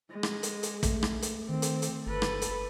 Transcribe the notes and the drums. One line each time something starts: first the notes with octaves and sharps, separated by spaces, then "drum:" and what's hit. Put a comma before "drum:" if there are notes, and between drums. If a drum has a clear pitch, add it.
G#3
drum: rim click
drum: hi-hat
drum: hi-hat
A3, drum: kick, hi-hat
drum: rim click
drum: hi-hat
D#3 C4
drum: hi-hat
drum: hi-hat
G1 A4 B4
drum: rim click
drum: hi-hat